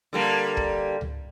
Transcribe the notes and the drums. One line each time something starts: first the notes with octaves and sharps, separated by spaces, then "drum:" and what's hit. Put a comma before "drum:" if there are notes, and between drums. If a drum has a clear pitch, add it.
D3 G3 A#3
drum: kick
drum: tom C#2